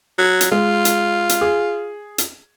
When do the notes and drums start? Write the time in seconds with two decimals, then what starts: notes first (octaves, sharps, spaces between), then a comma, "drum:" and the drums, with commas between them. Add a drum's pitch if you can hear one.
0.18 F#3
0.41 drum: hi-hat
0.52 G#3 F4
0.85 drum: hi-hat
1.29 drum: hi-hat
1.41 G#4
2.18 drum: hi-hat